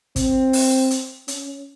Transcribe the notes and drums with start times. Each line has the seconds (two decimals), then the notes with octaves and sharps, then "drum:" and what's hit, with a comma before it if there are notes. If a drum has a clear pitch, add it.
0.16 C4, drum: kick, hi-hat
0.53 drum: open hi-hat
0.91 drum: hi-hat
1.28 C#4, drum: hi-hat